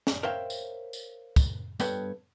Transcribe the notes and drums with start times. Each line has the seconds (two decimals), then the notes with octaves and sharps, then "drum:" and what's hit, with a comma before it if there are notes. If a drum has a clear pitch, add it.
0.07 drum: snare
0.23 A#4 C5 C#5 E5 F5 G5
0.50 drum: tambourine
0.93 drum: tambourine
1.36 drum: kick, tambourine
1.80 G2 B3 A4 B4 C#5 G5, drum: tambourine